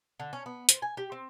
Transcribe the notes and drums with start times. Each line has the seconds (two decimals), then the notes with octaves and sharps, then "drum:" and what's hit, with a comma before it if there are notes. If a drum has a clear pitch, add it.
0.20 D3
0.33 C#4
0.46 B3
0.69 C5, drum: hi-hat
0.82 G#5
0.97 G4
1.12 C4